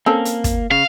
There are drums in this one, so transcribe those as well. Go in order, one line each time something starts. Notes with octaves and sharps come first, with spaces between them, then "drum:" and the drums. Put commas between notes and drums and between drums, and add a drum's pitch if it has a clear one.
A#3 C4 C#4 A4
drum: hi-hat
drum: kick, hi-hat
C#3 F5